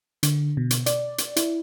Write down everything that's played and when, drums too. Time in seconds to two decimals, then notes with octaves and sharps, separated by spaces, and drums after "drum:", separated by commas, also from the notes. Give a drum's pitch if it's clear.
0.23 D3, drum: hi-hat
0.57 B2
0.71 drum: hi-hat
0.86 D5, drum: hi-hat
1.18 drum: hi-hat
1.36 E4, drum: hi-hat